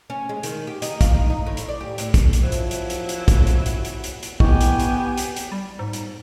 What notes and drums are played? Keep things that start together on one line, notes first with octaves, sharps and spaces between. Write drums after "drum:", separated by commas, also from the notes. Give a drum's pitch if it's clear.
C#4
G#3
D#3, drum: hi-hat
G4
D#4, drum: hi-hat
F4, drum: kick, hi-hat
D#4
D#4
A2
drum: hi-hat
D5
G4
A2, drum: hi-hat
drum: kick, hi-hat
drum: hi-hat
C3 F3 F#3 E4 C5 F#6
drum: hi-hat
drum: hi-hat
drum: hi-hat
drum: hi-hat
drum: kick, hi-hat
drum: hi-hat
drum: hi-hat
drum: hi-hat
drum: hi-hat
drum: hi-hat
B3 E4 G4 D#5 G#5 C#6, drum: kick
drum: hi-hat
drum: hi-hat
drum: hi-hat
drum: hi-hat
G3
G#2
drum: hi-hat